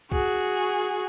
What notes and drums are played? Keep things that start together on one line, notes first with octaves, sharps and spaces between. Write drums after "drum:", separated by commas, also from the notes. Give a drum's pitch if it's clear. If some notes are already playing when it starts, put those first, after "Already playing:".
F#4 G#4, drum: kick